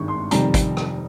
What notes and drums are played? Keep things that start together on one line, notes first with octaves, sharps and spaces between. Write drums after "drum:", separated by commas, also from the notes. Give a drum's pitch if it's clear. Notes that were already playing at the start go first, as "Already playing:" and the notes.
Already playing: G#1 G2 D#3 G#3 C#6
C6
F1 F2 D#3 G3 A#5, drum: hi-hat
drum: kick, hi-hat
drum: rim click